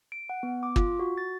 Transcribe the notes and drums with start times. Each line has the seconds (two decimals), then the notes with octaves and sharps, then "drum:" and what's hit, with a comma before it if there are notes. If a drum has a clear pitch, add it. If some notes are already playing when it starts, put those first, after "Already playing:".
0.12 D7
0.30 F#5
0.43 B3
0.63 D6
0.76 F4, drum: kick
1.00 F#4
1.18 A6